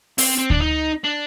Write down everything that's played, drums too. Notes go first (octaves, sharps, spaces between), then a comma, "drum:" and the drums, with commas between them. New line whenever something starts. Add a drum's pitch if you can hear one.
C4, drum: open hi-hat
C4
D4, drum: kick D2
D#4
D4